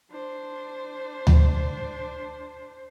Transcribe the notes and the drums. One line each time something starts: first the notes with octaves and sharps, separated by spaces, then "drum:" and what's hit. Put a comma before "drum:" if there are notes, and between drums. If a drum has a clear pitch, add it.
D4 C5
drum: tom D2